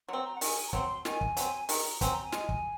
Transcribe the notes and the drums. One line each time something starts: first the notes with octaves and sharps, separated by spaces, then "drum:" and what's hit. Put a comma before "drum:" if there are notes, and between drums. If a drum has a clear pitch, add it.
F#3 C4 C6
A#5
F#5
D#3 G#5, drum: open hi-hat
A#5
F#3 C4 C6, drum: kick
D#3 G#5, drum: snare
drum: kick
F#3 C4, drum: hi-hat
D#3 A#5, drum: open hi-hat
F#3 C4 G#5, drum: kick, hi-hat
A#5
G#5
G#3, drum: snare
drum: kick